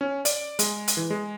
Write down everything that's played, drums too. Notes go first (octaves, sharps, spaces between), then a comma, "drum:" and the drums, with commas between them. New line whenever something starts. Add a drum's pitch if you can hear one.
C#4
D5, drum: hi-hat
G#3, drum: hi-hat
drum: hi-hat
E3
G#3